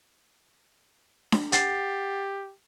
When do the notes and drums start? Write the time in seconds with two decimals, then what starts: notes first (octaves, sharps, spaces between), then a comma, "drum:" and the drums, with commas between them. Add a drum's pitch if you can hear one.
1.32 drum: snare D4
1.52 G4 F#5 A6 C7, drum: hi-hat